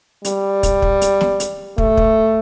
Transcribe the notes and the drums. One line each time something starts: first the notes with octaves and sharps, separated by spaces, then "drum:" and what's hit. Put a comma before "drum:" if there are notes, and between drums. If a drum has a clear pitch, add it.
G3, drum: hi-hat
drum: kick, hi-hat
drum: kick
drum: hi-hat
drum: snare
drum: hi-hat
A3, drum: kick
drum: kick